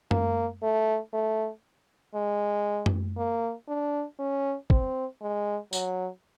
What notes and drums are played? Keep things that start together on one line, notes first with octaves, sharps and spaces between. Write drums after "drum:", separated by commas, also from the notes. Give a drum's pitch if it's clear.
A#3, drum: tom F#2
A3
A3
G#3
drum: tom F#2
A#3
D4
C#4
C4, drum: kick
G#3
F#3, drum: tambourine